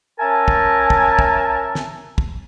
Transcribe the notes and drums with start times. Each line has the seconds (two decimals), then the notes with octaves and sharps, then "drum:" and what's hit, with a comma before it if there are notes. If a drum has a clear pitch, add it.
0.19 C#4 A#4 E5 G#5 A5
0.48 drum: kick
0.90 drum: kick
1.19 drum: kick
1.75 drum: snare
2.18 drum: kick